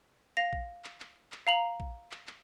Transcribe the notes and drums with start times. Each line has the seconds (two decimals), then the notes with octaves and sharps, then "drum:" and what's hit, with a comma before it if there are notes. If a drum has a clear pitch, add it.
0.37 F5 A#6 F7
0.53 drum: kick A#1
0.84 drum: clap
1.00 drum: clap
1.32 drum: clap
1.47 F5 A#5 F#7
1.80 drum: kick A#1
2.11 drum: clap
2.27 drum: clap